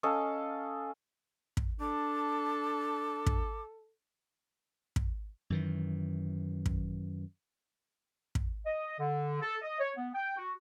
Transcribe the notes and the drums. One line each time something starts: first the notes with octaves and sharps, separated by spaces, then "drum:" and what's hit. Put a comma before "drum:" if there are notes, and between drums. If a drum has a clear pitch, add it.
C#4 A4 D#5 F5
drum: kick
D4 A4 D6
drum: kick
drum: kick
F#2 D#3 E3
drum: kick
drum: kick
D#5
D3
A4
D#5
C#5
B3
G5
F#4